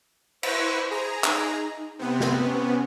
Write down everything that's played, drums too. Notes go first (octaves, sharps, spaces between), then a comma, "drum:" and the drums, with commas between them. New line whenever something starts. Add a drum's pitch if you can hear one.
E4 B4 C5 C#6, drum: cymbal
G#4 A#5
D#4, drum: clap
C3 B3 C4
drum: snare
C#4